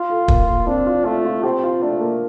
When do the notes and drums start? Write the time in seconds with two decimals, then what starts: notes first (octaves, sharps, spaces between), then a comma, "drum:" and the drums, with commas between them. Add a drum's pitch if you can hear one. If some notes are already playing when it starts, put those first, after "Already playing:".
Already playing: F4
0.10 A4
0.28 A#3, drum: kick
0.47 A#3
0.67 C4 D4
0.86 F4
1.05 A3 F4
1.25 F4
1.43 C4 G4
1.63 F4
1.82 A3 D4
2.01 A#3